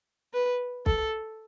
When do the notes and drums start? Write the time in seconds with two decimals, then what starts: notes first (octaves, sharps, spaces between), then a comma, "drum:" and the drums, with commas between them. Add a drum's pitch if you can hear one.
0.33 B4
0.86 A4, drum: kick